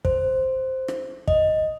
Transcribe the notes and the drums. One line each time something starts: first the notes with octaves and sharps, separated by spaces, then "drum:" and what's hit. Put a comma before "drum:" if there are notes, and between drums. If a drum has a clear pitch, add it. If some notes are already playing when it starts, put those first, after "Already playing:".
C5, drum: kick
drum: rim click
D#5, drum: kick